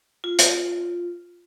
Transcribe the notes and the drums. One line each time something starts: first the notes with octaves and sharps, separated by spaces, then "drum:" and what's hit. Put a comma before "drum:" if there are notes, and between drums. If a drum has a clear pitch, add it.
F4
drum: hi-hat